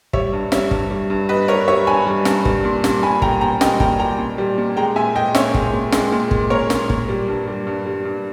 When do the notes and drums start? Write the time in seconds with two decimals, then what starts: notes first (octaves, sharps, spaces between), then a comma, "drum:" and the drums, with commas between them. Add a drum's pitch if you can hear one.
0.13 G3 C#5 E5, drum: kick
0.33 G2
0.52 G3 C#5 E5, drum: snare
0.71 G2, drum: kick
0.90 G3
1.10 G2
1.29 G3 B4 D#5
1.48 G2 A#4 C#5
1.67 G3 C#5 E5
1.87 G2 G#5 B5
2.07 G3
2.25 G2, drum: snare
2.45 G3, drum: kick
2.65 A#2
2.84 G3, drum: snare
3.03 A#2 G#5 B5
3.22 G3 G5 A#5, drum: kick
3.41 A#2 G5 A#5
3.61 G3 D#5 G5, drum: snare
3.80 A#2 G5 A#5, drum: kick
3.99 G3 G5 A#5
4.19 A#2
4.38 G3
4.58 A#2
4.77 G#3 G5 A#5
4.96 A#2 E5 G#5
5.15 G#3 D#5 G5
5.35 A#2 C#5 E5, drum: snare
5.54 G#3, drum: kick
5.73 A#2
5.92 G#3, drum: snare
6.12 A#2
6.31 G#3, drum: kick
6.50 A#2 A#4 C#5
6.70 G#3, drum: snare
6.90 A#2, drum: kick
7.09 G3
7.28 G2
7.47 G3
7.67 G2
7.86 G3
8.05 G2